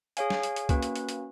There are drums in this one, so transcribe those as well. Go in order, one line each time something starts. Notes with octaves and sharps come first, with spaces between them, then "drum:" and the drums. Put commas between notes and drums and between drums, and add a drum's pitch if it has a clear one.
G#4 C#5 F5 G#5, drum: hi-hat
drum: snare
drum: hi-hat
drum: hi-hat
A#3 C#4 F#4 B4, drum: kick C2, hi-hat
drum: hi-hat
drum: hi-hat
drum: hi-hat